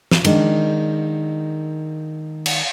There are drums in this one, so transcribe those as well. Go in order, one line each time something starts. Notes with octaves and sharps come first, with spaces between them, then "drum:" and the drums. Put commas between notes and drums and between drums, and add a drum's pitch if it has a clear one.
drum: snare
D#3 G#3 D4, drum: cymbal
drum: cymbal